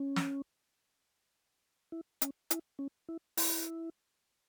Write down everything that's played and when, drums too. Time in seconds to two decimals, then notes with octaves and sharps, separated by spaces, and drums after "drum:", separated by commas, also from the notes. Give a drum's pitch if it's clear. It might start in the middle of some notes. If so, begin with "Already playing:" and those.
Already playing: C#4
0.16 drum: snare
1.92 E4
2.22 C#4, drum: hi-hat
2.51 E4, drum: hi-hat
2.79 C#4
3.09 E4
3.37 E4, drum: open hi-hat